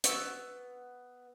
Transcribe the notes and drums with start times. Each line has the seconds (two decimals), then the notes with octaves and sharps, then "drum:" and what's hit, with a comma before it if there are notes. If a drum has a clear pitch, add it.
0.04 B3 C#6 E6, drum: hi-hat